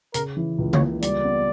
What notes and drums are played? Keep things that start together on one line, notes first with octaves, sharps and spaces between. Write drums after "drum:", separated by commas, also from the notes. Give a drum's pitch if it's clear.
C#3 A#4, drum: hi-hat
E3
C#2
C#5, drum: tom C#3
A#3
G3 D5, drum: hi-hat
B3